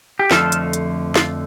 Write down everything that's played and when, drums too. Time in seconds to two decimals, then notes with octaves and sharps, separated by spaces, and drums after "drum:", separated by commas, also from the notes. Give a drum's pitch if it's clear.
0.19 G4
0.31 F2 D3 F3 A3 F4 A4, drum: snare
0.52 drum: hi-hat
0.73 drum: hi-hat
1.16 F4, drum: snare